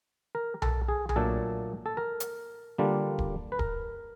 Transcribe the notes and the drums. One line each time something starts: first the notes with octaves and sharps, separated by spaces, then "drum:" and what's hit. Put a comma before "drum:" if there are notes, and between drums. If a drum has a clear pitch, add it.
A#4
A4, drum: tom B1
G#4
G#4, drum: tom B1
A#2 F#3 A3 D4 A4
A4
A#4
drum: hi-hat
D3 G3 A#3 D4 F4
drum: kick D1
B4
A#4, drum: kick D1